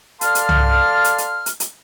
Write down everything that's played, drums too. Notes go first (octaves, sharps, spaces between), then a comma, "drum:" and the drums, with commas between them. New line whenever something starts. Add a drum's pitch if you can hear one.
A4 D5 F5 A5 C6 F6, drum: hi-hat
drum: hi-hat
drum: tom
drum: hi-hat
drum: hi-hat
drum: hi-hat
drum: hi-hat